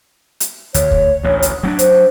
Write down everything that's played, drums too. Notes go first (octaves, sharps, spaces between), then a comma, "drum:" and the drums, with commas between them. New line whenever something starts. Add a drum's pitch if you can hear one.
drum: hi-hat
D2 C#5, drum: hi-hat
drum: kick
A1 D2
drum: hi-hat
F#3 C4 D4
C5, drum: hi-hat